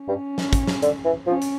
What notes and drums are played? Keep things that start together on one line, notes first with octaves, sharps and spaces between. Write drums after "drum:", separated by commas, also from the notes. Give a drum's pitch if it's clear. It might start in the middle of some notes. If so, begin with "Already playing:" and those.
Already playing: C#4
G2
drum: snare
drum: kick, hi-hat
drum: snare
D3, drum: hi-hat
E3
F3 C#4
drum: hi-hat